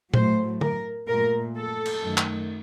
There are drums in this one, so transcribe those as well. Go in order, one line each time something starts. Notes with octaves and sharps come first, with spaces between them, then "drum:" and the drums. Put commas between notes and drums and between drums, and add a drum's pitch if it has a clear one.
A2 F#3 A3 C5, drum: tom A#2
A#4, drum: tom D3
A#2 A3 A#4
A4
drum: cymbal
F#2 D#3 A3
drum: clap